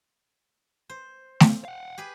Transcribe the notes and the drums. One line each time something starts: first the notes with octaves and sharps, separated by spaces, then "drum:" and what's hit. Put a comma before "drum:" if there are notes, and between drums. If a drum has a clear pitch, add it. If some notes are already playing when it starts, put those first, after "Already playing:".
C5
drum: snare A3
F5 F#5
G4 G#4 B4